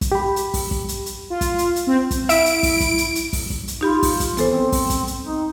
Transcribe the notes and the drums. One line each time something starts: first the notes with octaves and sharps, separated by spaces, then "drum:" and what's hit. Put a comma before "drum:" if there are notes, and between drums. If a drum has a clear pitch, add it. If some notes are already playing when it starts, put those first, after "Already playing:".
drum: kick, hi-hat
G4 B5
drum: hi-hat
drum: kick, open hi-hat
drum: kick
drum: hi-hat
drum: hi-hat
F4
drum: kick, hi-hat
drum: hi-hat
drum: hi-hat
C4
drum: kick, hi-hat
E4 E5 D7, drum: hi-hat
drum: hi-hat
drum: kick, open hi-hat
drum: kick, hi-hat
drum: hi-hat
drum: hi-hat
drum: kick, open hi-hat
drum: kick
drum: hi-hat
D#4 F4 G4 B5
drum: kick, open hi-hat
drum: kick, hi-hat
E3 B3 A4 C5, drum: hi-hat
C4
drum: kick, open hi-hat
drum: kick, hi-hat
drum: hi-hat
D#4